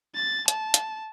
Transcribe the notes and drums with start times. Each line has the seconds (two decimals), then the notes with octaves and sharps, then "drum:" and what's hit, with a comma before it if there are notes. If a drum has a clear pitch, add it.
0.15 A6
0.48 A5, drum: hi-hat
0.74 drum: hi-hat